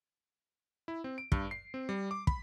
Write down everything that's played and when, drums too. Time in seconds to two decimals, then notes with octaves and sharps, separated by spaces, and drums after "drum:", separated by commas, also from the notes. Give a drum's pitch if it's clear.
0.88 E4
1.04 C4
1.18 D7
1.32 G2, drum: kick
1.51 C7
1.74 C4
1.89 G3
2.11 D6
2.27 B5, drum: kick